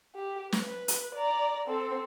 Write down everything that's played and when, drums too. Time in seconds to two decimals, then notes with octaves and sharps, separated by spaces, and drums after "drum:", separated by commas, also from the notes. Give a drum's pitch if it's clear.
0.15 G4
0.52 B4, drum: snare
0.88 drum: hi-hat
1.15 D5 A#5
1.68 C4 A4